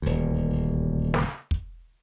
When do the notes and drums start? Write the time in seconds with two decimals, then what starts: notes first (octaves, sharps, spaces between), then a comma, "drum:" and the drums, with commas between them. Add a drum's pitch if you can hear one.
0.02 D#1 D2
1.14 drum: snare
1.51 drum: kick